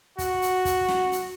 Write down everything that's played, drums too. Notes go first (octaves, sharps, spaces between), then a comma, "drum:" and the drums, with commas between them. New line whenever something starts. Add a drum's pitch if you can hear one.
F#4, drum: kick, hi-hat
drum: hi-hat
drum: kick, hi-hat
drum: snare
drum: hi-hat